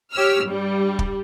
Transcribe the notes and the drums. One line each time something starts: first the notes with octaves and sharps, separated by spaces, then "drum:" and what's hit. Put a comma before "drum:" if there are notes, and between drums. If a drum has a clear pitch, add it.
G4 C#5 E6 F6
G2 G3
drum: kick